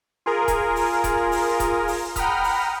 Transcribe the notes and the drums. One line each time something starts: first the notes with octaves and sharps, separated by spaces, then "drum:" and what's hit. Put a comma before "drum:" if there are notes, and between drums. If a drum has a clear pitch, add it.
F4 G#4 A#4
drum: kick D#1, hi-hat
drum: open hi-hat
drum: kick D#1, hi-hat
drum: open hi-hat
drum: kick D#1, hi-hat
drum: open hi-hat
F#5 G5 A#5 B5 D#6 F6, drum: kick D#1, hi-hat
drum: open hi-hat